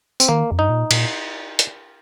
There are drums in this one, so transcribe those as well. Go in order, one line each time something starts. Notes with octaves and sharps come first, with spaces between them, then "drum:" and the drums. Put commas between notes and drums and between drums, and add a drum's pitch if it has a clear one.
C4, drum: tambourine
D#3 A#3
F2
G2 D#4
A#2
A#2, drum: cymbal
drum: hi-hat